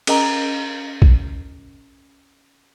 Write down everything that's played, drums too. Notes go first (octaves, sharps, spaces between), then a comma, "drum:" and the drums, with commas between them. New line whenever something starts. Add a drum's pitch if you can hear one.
C#4 G#4 A#4 D#5 G5 A#5, drum: cymbal
drum: kick A#1